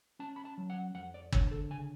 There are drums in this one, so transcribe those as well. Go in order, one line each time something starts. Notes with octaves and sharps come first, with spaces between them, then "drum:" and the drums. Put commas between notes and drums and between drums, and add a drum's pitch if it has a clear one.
C#4 A5
B5
A5
F#3
F#5
F2 F#5
D5
D3 C#5, drum: kick
A4
C#3 G#5